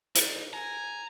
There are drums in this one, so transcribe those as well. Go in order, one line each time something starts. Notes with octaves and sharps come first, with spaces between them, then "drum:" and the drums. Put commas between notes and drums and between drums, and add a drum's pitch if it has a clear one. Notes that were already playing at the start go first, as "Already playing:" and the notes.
D#4 D5, drum: hi-hat
G#5 A#5